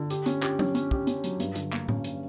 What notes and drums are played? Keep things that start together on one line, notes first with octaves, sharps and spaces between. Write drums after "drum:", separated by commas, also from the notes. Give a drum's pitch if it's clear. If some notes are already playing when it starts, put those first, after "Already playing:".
Already playing: D3
G4, drum: hi-hat
C#4, drum: hi-hat
G4, drum: clap
C#4, drum: tom F#3
C#4, drum: hi-hat
G4, drum: kick
C#4, drum: hi-hat
F#3, drum: hi-hat
G2, drum: hi-hat
D3, drum: hi-hat
A#3, drum: clap
C#4, drum: tom A2
drum: hi-hat